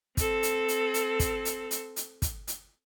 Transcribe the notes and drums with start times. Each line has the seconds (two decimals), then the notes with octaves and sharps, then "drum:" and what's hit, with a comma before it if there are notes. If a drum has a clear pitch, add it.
0.17 C4 A4, drum: kick, hi-hat
0.43 drum: hi-hat
0.68 drum: hi-hat
0.94 drum: hi-hat
1.20 drum: kick, hi-hat
1.45 drum: hi-hat
1.71 drum: hi-hat
1.96 drum: hi-hat
2.22 drum: kick, hi-hat
2.48 drum: hi-hat